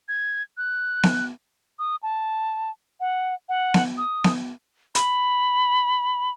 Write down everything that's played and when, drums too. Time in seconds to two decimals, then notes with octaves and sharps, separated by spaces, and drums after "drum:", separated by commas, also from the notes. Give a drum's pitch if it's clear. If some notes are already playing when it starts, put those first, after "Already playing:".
0.08 G#6
0.57 F#6
1.03 drum: snare B3
1.79 D#6
2.03 A5
3.00 F#5
3.49 F#5
3.74 drum: snare B3
3.97 D#6
4.24 drum: snare B3
4.95 B5, drum: hi-hat